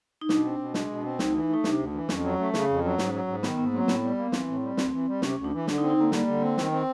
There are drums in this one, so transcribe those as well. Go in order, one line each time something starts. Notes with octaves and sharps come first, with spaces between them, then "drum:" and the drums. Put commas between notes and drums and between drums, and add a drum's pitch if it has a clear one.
D#4
B2 D4, drum: snare
C4
B2
G#3, drum: snare
B2
C4
D2 D#4, drum: snare
E3
A3 D#4
C3 D4, drum: snare
D2
E3
F2 C#4, drum: snare
F#3
A3
C#3, drum: snare
F2
F#3
G#2, drum: snare
F#3
G#2
D#3 B3, drum: snare
G#2 B3
A#3
F#3 C4
A2 B3, drum: snare
G3
A#3
E3 C4, drum: snare
A2
G3
D2 C4, drum: snare
E3
G3
C3 C#4, drum: snare
D2
D4
E3
D3 D4, drum: snare
D#4
C4
D#4
D3 A#3
G3, drum: snare
D3
C4
D#3, drum: snare
C4